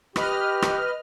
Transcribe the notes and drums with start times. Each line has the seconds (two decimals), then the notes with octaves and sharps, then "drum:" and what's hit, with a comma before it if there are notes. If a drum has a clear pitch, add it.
0.16 G4 B4 D#5 F6, drum: rim click
0.62 drum: rim click